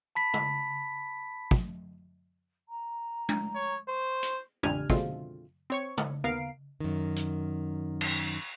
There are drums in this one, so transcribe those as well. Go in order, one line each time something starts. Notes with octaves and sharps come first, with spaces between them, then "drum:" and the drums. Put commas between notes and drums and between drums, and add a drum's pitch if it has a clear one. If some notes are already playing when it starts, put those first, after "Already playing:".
A5 B5 B6
drum: tom
drum: kick
A#5
drum: tom G#3
C#5
C5 C#6
drum: hi-hat
A1 F2 D4 G4 G#5 F6, drum: tom
B2 D3 G#3 A3 C4 F4, drum: kick
C4 C#5 C#6
drum: tom
D#2 B3 A#4 F5 C7 D7
F#2 D#3
drum: hi-hat
drum: cymbal